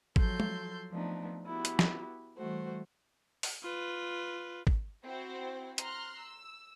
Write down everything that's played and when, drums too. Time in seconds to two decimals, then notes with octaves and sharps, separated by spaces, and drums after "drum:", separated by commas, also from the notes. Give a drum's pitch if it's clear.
0.16 F3 F#3 A4 C6 G6, drum: kick G#1
0.40 drum: tom
0.90 F3 A3 B3 C4 D4 D#4
1.44 B3 E4 F#4 G4
1.65 drum: hi-hat
1.79 drum: snare
2.37 E3 G3 A3 F#4 C5
3.43 drum: open hi-hat
3.63 F4 B4
4.67 drum: kick G#1
5.05 C4 E4 F#4 C5
5.78 A#5 C6 F6 F#6, drum: hi-hat
6.18 E6